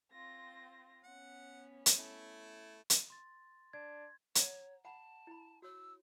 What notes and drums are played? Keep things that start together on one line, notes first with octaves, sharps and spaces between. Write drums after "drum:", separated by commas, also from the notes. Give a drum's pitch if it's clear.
C4 F4 A#6
B3 C#4 F#5
drum: hi-hat
A3 E4
drum: hi-hat
C6 A6
D4 G#6
C#5 F#5 A#5, drum: hi-hat
F#5 A5 B5
E4 B5
F#4 C#5 E6